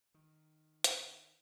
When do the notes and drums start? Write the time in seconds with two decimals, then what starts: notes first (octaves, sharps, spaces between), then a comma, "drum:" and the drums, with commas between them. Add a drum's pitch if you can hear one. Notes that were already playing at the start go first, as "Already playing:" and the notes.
0.14 D#3
0.84 drum: hi-hat